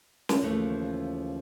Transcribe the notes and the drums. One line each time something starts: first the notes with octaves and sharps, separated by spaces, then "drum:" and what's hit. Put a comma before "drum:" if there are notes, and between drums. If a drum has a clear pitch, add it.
drum: snare
D#2 C#3 E3 F3 A3